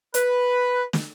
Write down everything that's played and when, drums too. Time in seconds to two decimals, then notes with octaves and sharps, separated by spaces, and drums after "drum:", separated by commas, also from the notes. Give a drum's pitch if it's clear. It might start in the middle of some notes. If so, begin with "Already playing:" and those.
0.14 B4, drum: hi-hat
0.93 drum: snare